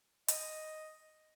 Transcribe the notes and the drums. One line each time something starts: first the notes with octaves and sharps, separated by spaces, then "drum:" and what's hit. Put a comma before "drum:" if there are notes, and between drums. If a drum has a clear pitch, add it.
D#5, drum: hi-hat